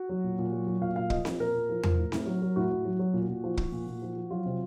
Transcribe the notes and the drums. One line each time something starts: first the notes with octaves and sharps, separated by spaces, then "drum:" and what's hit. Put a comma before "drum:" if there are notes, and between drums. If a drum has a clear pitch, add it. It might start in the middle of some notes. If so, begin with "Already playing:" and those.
Already playing: F#4
F#3
A#2
A#2
F#3
F#3
A#2 F5
A#2 F5
F3 D#5, drum: kick
F3, drum: snare C4
A#2 A#4
A#2
F3
F3, drum: tom E2
A2
A2, drum: snare C4
F#3
F#3
A2 F#4
A2
F#3
F#3
A#2
A#2
F3
F3, drum: kick
A#2
A#2
F3
F3
F#3 F4
C3